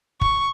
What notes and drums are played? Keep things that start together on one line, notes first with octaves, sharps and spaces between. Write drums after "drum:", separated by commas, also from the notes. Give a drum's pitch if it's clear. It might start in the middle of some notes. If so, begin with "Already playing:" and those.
C#6, drum: kick